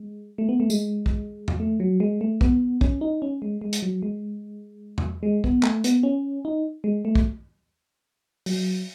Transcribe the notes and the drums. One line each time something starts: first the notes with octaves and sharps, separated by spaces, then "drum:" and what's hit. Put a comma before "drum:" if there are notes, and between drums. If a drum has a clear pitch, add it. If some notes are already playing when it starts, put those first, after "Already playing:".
Already playing: G#3
A3
B3
A3
G#3, drum: tambourine
drum: kick
drum: tom E2
A3
F#3
G#3
A3
B3, drum: kick
C#4, drum: kick
D#4
C#4
G#3
G#3
drum: hi-hat
F#3
G#3
drum: tom E2
G#3
B3, drum: kick
A3, drum: clap
B3, drum: hi-hat
C#4
D#4
G#3
A3
drum: kick
F#3, drum: open hi-hat